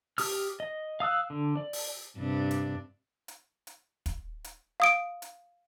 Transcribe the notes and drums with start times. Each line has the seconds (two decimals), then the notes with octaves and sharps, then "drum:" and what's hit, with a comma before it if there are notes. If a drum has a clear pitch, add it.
0.18 G4 D#6 F6, drum: open hi-hat
0.60 D#5
1.00 F5 D#6 E6 F#6
1.30 D3
1.57 D5
1.73 drum: open hi-hat
2.17 G2 C3 D4
2.51 drum: hi-hat
3.28 drum: hi-hat
3.67 drum: hi-hat
4.06 drum: kick, hi-hat
4.44 drum: hi-hat
4.80 F5 D#6 D7
5.22 drum: hi-hat